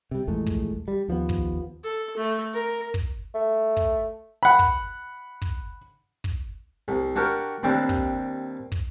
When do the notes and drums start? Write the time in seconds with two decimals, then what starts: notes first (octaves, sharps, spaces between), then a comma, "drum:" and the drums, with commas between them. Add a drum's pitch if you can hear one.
0.11 C3 G3
0.27 A#1 E2 G#3 A3
0.46 drum: kick
0.88 G3
1.08 D#2 F3 G3 B3
1.29 drum: kick
1.84 A4
2.17 A3
2.54 A#4
2.94 drum: kick
3.35 A3
3.77 drum: kick
4.43 F#5 B5
4.59 drum: kick
5.42 drum: kick
6.24 drum: kick
6.88 C2
7.16 D4 F#4 G4 A#4
7.63 D#2 G3 C4 D4 B5
7.89 drum: kick
8.72 drum: kick